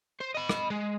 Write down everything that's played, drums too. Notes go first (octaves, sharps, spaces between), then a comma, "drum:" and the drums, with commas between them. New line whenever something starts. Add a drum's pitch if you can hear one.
C5
D#5 B5
drum: rim click
G#3